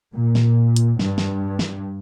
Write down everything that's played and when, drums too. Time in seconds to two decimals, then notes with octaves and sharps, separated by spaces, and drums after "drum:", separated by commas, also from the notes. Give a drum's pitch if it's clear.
0.14 A#2
0.35 drum: snare
0.76 drum: hi-hat
0.99 G2, drum: snare
1.18 drum: snare
1.59 drum: snare